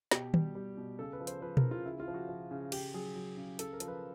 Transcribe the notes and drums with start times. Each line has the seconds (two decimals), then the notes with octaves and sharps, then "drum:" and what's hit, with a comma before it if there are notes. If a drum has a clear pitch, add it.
0.11 B2 G4, drum: snare
0.34 G3, drum: tom D#3
0.55 G3
0.77 B2
0.99 C#3 A4
1.13 B4
1.20 F3
1.27 C5, drum: hi-hat
1.42 F3 B4
1.57 A#4, drum: tom B2
1.63 C#3
1.71 F4
1.85 C#3 E4
2.00 F4
2.08 F3
2.14 F#4
2.29 F3
2.51 C#3
2.72 C#3 G4, drum: cymbal
2.94 F#3 G#4
3.15 F#3
3.37 C#3
3.59 C#3 A4, drum: hi-hat
3.73 A#4
3.80 F3, drum: hi-hat
3.88 B4